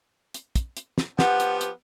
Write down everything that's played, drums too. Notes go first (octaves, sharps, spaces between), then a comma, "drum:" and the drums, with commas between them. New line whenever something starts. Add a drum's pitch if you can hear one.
drum: hi-hat
drum: kick, hi-hat
drum: hi-hat
drum: snare
F3 B3 G4 F#5, drum: snare
drum: hi-hat
drum: hi-hat